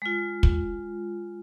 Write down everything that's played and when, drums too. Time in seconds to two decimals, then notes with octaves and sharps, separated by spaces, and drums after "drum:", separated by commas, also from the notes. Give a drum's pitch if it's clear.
0.02 G#3 F4
0.43 drum: kick